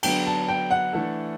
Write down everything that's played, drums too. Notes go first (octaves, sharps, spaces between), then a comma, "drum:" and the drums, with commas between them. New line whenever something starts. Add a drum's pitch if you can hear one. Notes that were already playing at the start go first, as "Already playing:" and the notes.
D3 F#3 B3 D4 G5, drum: cymbal
A5
G5
F#5
E3 A3 D4 A4